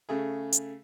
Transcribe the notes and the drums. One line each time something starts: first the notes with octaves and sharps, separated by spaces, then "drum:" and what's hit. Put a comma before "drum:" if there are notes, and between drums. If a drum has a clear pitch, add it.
C#3 A3 G#4
drum: hi-hat